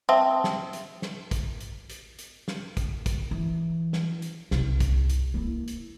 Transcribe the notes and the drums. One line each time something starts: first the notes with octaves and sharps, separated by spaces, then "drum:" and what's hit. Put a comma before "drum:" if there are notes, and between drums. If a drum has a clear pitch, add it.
C4 E5 A5 D#6
drum: snare
drum: hi-hat
drum: snare
drum: kick, hi-hat
drum: hi-hat
drum: hi-hat
drum: hi-hat
drum: snare
drum: kick, hi-hat
drum: kick, hi-hat
E3
drum: snare
drum: hi-hat
C2 C3, drum: snare
drum: kick, hi-hat
drum: hi-hat
A#3 E4
drum: hi-hat